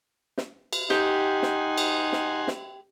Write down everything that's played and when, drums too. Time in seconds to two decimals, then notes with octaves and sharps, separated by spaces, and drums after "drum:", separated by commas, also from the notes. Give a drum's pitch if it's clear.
0.38 drum: snare
0.73 drum: cymbal
0.90 D#4 G4 F#5 G#5 C6, drum: snare
1.43 drum: snare
1.78 drum: cymbal
2.13 drum: snare
2.48 drum: snare